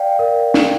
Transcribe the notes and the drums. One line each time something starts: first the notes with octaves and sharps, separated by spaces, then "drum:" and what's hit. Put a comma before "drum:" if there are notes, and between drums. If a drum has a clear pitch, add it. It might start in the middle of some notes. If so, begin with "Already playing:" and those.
Already playing: D5 F5 G5
A#4
D#4, drum: snare